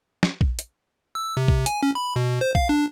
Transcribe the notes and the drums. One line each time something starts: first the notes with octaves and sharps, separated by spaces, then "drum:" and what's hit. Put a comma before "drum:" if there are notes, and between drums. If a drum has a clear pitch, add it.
drum: snare
drum: kick
drum: hi-hat
E6
C3
drum: kick
G#5, drum: hi-hat
C#4
B5
B2
C5
F5, drum: kick
D4